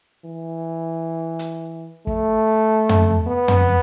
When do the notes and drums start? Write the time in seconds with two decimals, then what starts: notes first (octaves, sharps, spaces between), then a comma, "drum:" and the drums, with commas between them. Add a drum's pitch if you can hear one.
0.25 E3
1.39 drum: hi-hat
2.07 A3, drum: kick
2.89 drum: tom
3.28 B3
3.48 drum: tom